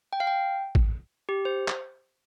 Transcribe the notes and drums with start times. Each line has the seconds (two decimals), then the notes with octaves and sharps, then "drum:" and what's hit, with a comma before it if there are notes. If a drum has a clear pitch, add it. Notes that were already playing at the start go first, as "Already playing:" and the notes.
0.13 G5
0.20 F5
0.27 G5
0.75 drum: kick
1.29 G4
1.45 C5
1.68 drum: clap